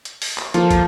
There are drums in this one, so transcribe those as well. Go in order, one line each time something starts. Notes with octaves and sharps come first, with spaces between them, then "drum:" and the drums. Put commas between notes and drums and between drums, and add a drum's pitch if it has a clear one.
drum: hi-hat
drum: open hi-hat
drum: clap
F3 A#3 F4 A4, drum: hi-hat
drum: kick, hi-hat